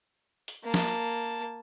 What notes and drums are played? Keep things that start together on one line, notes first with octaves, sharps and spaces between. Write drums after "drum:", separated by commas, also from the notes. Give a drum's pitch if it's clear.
drum: open hi-hat
A#3 A5
drum: snare